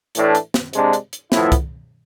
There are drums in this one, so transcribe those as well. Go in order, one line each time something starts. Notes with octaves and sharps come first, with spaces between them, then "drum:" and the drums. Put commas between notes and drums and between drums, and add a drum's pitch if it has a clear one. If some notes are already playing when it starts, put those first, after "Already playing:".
A2 E3 A3 D4, drum: hi-hat
drum: hi-hat
drum: snare
C3 G#3 D4, drum: hi-hat
drum: hi-hat
drum: hi-hat
A2 F3 B3 E4, drum: snare
drum: kick C2, hi-hat